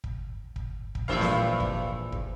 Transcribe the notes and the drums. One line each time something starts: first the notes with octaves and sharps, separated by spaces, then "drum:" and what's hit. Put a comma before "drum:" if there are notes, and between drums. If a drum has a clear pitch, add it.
drum: kick
drum: kick
drum: kick
A#1 G2 E3 C5 E5 F5
drum: snare
drum: kick
drum: kick